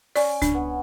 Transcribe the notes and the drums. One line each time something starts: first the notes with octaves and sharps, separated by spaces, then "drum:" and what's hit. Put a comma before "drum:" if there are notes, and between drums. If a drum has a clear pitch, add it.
C#4 D5, drum: open hi-hat
D4, drum: kick C#2, hi-hat
B3